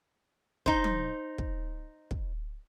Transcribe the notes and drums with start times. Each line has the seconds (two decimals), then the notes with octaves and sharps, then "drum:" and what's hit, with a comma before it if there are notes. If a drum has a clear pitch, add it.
0.66 D#4 C5, drum: kick
0.84 drum: tom F#3
1.38 drum: kick
2.11 drum: kick